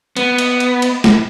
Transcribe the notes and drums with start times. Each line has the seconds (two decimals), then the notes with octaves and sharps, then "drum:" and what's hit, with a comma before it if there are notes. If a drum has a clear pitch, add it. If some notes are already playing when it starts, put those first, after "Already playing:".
0.17 B3, drum: cymbal
0.38 drum: cymbal
0.60 drum: cymbal
0.82 drum: cymbal
1.04 drum: snare